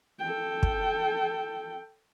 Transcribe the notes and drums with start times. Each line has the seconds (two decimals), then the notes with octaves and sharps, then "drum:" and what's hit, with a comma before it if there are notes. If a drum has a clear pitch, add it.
0.20 A4 G5
0.63 drum: kick